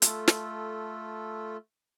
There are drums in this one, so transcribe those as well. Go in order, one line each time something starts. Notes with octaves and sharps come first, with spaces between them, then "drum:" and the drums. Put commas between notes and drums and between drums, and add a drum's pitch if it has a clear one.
A3 F4 A4, drum: hi-hat
drum: snare